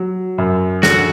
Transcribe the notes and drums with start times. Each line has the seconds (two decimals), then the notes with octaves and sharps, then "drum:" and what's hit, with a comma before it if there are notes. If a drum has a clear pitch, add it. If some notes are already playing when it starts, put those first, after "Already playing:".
Already playing: F#3
0.38 F#2
0.83 D3 F#4, drum: snare